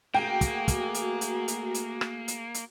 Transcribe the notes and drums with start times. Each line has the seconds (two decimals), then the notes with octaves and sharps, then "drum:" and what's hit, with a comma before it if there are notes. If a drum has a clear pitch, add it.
0.14 A3 A#3 F#4 G#4 G5
0.41 drum: kick, hi-hat
0.68 drum: kick, hi-hat
0.94 drum: hi-hat
1.21 drum: hi-hat
1.48 drum: hi-hat
1.74 drum: hi-hat
2.01 drum: rim click
2.28 drum: hi-hat
2.54 drum: hi-hat